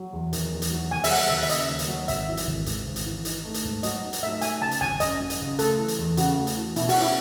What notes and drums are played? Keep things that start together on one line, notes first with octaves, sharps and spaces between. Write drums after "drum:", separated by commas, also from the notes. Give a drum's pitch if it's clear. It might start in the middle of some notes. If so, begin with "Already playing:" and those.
Already playing: F#3
E2
D#3, drum: hi-hat
E2
drum: hi-hat
F#3
D#2 G#5
E5, drum: open hi-hat
F#3 F#5
D#2 E5
E5
C#3 D#5, drum: hi-hat
D#2
drum: hi-hat
F#3
G#1 E5, drum: hi-hat
E3
drum: hi-hat
G#1
G#2, drum: hi-hat
G#1
drum: hi-hat
E3
D#4, drum: hi-hat
A3
drum: hi-hat
G#2
F#3 D#5, drum: hi-hat
D#4
drum: hi-hat
A3 E5
F#3 G#5, drum: hi-hat
C#3 A5
drum: hi-hat
G#1 G#5
F#2 D#5, drum: hi-hat
F#3
drum: hi-hat
C#3
A3 A4, drum: hi-hat
E3
drum: hi-hat
E2
C#3 F#4, drum: hi-hat
A3
drum: hi-hat
E3
B2 E4, drum: hi-hat
F#4, drum: open hi-hat
C#4
E4